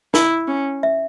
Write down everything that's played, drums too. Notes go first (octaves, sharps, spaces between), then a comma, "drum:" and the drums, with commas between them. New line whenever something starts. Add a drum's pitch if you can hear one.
E4, drum: snare
C#4
E5